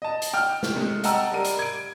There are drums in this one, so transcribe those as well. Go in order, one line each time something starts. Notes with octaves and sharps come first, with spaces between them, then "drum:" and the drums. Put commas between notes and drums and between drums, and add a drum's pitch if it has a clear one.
D#5 A5
drum: hi-hat
G5 F6
drum: snare
C3 G#3 A3
D#5 F#5 G5 A5 A#5 E6, drum: hi-hat
G3 A#4 D#7
drum: hi-hat
G#6 D7